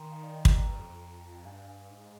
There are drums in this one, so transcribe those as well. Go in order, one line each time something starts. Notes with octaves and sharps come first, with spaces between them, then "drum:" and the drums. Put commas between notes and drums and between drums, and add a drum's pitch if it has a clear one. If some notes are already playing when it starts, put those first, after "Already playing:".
Already playing: D#3 G5 G#5 A#5 C6
F5 G#5
D5 F5
D#5 G5
F5 G#5, drum: kick
C3
D3 G5 A#5
G2
F2
F2
G2 F5 G#5
F5 G#5
G#2